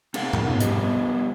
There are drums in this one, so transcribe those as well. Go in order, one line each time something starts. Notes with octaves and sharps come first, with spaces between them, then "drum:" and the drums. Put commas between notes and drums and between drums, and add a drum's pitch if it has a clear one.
C4 D#4 G#4 A#4 F5 F#5, drum: cymbal
drum: tom G#2
B2 B3 C#4 F4
G3 B3 C4 G4 C5 D#5, drum: hi-hat